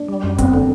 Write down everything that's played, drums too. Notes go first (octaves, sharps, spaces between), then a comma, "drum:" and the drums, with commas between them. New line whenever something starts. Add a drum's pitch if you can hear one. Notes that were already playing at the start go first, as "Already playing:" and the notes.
Already playing: D4
G3
F#2
B3 C4, drum: kick, hi-hat
D3